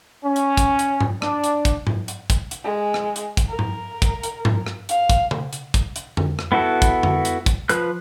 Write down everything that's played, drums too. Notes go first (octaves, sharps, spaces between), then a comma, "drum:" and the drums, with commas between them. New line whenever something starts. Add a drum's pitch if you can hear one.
C#4
drum: hi-hat
drum: kick, hi-hat
drum: hi-hat
drum: tom G#2
D4, drum: rim click
drum: hi-hat
drum: kick, hi-hat
drum: tom G#2
drum: hi-hat
drum: kick, hi-hat
drum: hi-hat
G#3
drum: rim click
drum: hi-hat
drum: kick, hi-hat
A#4
drum: tom G#2
drum: kick, hi-hat
drum: hi-hat
drum: tom G#2
drum: rim click
F5, drum: hi-hat
drum: kick, hi-hat
drum: tom C#3
drum: hi-hat
drum: kick, hi-hat
drum: hi-hat
drum: tom
drum: rim click
B3 E4 F#4 A4
drum: kick, hi-hat
drum: tom
drum: hi-hat
drum: kick, hi-hat
F3 B4 F#6, drum: hi-hat